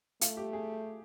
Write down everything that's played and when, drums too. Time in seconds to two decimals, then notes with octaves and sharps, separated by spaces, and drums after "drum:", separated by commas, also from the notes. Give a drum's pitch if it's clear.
0.21 A3 F4, drum: hi-hat
0.37 G4
0.53 G#4